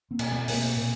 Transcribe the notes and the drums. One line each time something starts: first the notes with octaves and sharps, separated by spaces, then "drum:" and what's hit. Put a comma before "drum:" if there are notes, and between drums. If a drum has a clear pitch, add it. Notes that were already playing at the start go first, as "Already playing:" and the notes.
A#3 C4
B2, drum: cymbal
A3 B3
B2, drum: open hi-hat
A#3 C4
A#2